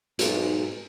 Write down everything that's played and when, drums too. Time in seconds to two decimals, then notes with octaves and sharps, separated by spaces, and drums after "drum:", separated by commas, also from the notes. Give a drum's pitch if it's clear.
0.19 B1 G#2, drum: hi-hat